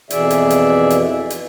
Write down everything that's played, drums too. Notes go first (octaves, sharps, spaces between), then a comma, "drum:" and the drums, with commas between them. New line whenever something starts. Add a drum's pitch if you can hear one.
F2 B2 E3 G#4 D5 E5, drum: hi-hat
drum: hi-hat
drum: hi-hat
drum: hi-hat
drum: hi-hat